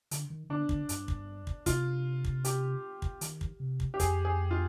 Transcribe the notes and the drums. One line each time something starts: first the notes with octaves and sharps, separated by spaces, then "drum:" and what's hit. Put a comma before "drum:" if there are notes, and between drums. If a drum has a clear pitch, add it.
D3, drum: hi-hat
D#3
D3 D4
D3, drum: kick
G2, drum: hi-hat
drum: kick
drum: kick
C3 F4, drum: kick, hi-hat
drum: kick
G4, drum: hi-hat
drum: kick
D#3, drum: hi-hat
drum: kick
C3
drum: kick
G4
F2 G#4, drum: kick, hi-hat
G#4
F4